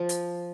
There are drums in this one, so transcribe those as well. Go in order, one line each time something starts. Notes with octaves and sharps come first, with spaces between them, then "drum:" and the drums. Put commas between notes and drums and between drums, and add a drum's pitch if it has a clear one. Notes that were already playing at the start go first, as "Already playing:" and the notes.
Already playing: F3
drum: hi-hat